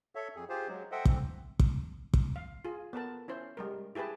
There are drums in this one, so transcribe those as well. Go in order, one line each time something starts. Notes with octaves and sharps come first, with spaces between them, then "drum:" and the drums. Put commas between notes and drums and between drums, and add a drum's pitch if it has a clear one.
A4 C#5 E5
F2 G#4
F4 G4 G#4 C5
F#3 G#3
A4 C5 D#5 E5 F#5 G5
E3 C4, drum: kick
drum: kick
drum: kick
F5
F4 G#4
B3 A4 A#4 A5
C#4 E4 C5
G3 G#3 A#4
E4 G4 G#4 B4 A5